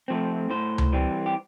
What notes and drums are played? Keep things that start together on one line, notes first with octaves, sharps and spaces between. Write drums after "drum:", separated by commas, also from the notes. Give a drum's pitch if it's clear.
F3 A3 C4
A2 C5
drum: tom C#2
E3 G3 C4
G4